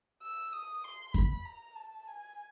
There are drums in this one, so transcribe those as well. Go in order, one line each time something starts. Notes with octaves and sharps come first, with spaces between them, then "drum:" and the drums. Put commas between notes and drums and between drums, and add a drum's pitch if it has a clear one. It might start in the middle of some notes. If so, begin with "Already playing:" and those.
E6
D#6
C6
B5, drum: kick F2
A#5
A5
G#5